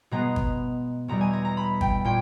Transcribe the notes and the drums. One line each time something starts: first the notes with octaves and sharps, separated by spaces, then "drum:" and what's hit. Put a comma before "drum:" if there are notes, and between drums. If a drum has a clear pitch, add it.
B2 G#3 B3 A#5
drum: kick
E2 B2 G3 A#5
G#5
A#5
A#5
B5
G5, drum: kick
A#2 G5